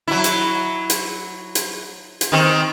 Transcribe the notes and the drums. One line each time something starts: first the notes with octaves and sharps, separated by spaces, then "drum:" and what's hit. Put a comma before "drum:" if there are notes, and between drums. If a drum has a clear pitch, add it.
F#3 E4
drum: hi-hat
drum: hi-hat
drum: hi-hat
drum: hi-hat
D#3 C4